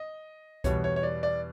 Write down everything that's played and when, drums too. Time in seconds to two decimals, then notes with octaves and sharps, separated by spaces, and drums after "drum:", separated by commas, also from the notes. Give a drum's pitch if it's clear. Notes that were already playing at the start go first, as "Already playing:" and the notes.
Already playing: D#5
0.64 E2 B2 G3 B3 C#5, drum: kick C2, hi-hat
0.84 C#5
0.96 C#5
1.03 D5
1.23 D5